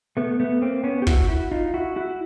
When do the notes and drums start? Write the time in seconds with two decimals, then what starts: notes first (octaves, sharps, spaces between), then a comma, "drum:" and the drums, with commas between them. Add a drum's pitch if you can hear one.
0.17 A3 B3
0.40 A3 B3
0.62 A#3 C4
0.84 B3 C#4
1.02 G4
1.07 E4 F#4, drum: kick
1.28 E4 F#4
1.52 D#4 F4
1.74 E4 F#4
1.96 E4 F#4